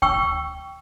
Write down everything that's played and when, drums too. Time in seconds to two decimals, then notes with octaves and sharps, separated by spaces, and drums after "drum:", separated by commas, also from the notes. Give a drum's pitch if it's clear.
0.02 G5 C#6 E6, drum: kick D2